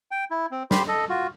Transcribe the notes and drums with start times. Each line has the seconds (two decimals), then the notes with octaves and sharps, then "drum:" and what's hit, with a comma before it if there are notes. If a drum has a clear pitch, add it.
0.11 G5
0.31 E4
0.51 C4
0.71 G4 C5 B5 C6, drum: snare
0.88 A4 D#5
1.09 F4 F#4